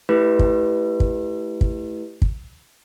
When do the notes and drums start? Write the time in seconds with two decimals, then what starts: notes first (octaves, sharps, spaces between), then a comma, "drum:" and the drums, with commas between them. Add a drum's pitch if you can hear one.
0.09 A3 E4 G4 B4
0.39 drum: kick
1.00 drum: kick
1.61 drum: kick
2.22 drum: kick